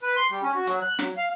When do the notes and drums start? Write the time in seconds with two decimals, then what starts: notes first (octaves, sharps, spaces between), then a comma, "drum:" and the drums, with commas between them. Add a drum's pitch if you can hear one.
0.02 B4
0.17 C6
0.30 G3
0.43 C#4
0.54 F#4
0.67 F#3, drum: hi-hat
0.82 F#6
0.99 F#3, drum: snare
1.17 F5